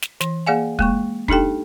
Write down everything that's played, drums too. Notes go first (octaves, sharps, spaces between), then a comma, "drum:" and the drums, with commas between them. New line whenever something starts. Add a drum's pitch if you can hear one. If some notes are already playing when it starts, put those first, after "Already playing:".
drum: snare
E3, drum: snare
A#3 G#4 D5 F5 F#5 G#5
G#3 A#3 C#6, drum: kick
D4 D#4 G4 A4 G5, drum: kick